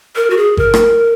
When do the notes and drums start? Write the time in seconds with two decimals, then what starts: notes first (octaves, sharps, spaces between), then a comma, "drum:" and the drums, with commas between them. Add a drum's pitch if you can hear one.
0.16 A#4
0.30 F#4
0.37 G#4
0.57 A#4, drum: kick G#1
0.74 drum: rim click